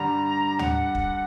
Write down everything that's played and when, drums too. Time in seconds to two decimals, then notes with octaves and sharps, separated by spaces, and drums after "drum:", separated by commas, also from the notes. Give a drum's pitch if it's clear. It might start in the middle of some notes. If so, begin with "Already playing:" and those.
Already playing: G2 D3 G3 A#5
0.59 F#5, drum: tom
0.95 drum: kick